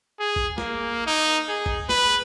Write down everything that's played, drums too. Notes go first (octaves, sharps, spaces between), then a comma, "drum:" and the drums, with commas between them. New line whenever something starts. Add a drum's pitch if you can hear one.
G#4
drum: kick
A#3, drum: snare
D#4
G#4
drum: kick
B4, drum: snare